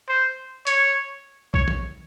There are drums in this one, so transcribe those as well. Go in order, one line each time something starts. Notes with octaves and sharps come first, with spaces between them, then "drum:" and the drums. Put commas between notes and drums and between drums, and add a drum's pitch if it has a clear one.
C5
C#5, drum: hi-hat
C#5, drum: kick B1
drum: tom